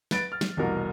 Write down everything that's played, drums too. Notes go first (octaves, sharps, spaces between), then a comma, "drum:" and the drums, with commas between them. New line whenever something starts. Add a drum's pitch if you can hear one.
B4 A6 D7, drum: snare
F6
drum: snare
F1 C2 B2 E3 A#4